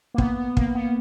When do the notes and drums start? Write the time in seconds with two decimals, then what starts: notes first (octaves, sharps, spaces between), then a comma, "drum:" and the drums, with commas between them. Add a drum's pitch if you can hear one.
0.14 A#3
0.18 B3, drum: kick
0.37 B3
0.57 A#3, drum: kick
0.75 B3